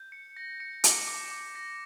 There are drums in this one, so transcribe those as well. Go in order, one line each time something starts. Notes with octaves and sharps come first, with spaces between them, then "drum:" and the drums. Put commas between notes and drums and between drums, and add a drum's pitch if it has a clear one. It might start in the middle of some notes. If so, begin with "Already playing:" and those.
Already playing: G6
C#7
A#6
C#7
D6, drum: hi-hat
D6
D6
A#6